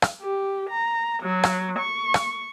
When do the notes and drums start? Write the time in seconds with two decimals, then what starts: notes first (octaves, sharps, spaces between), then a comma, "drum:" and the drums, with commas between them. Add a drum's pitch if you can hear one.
0.02 drum: rim click
0.21 G4
0.70 A#5
1.23 F#3
1.43 drum: rim click
1.79 C#6
2.14 drum: rim click